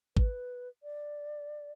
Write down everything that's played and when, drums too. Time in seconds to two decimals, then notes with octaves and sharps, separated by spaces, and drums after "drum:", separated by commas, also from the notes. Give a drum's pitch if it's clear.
0.17 B4, drum: kick G#1
0.83 D5